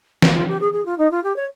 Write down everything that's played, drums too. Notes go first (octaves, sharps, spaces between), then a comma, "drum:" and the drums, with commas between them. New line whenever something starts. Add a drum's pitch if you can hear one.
A#3, drum: snare
F4
G4
G#4
G#4
F4
D#4
F4
G4
C#5